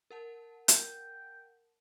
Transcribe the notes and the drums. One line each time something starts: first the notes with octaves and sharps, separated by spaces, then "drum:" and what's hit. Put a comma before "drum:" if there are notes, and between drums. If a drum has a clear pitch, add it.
A#4 F#5 A5
G5, drum: hi-hat